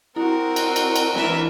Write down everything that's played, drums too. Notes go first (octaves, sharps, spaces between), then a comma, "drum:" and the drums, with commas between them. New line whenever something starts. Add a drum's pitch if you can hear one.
C4 E4 F#4 A#4
drum: cymbal
drum: cymbal
drum: cymbal
E3 D4 A#4 E5, drum: snare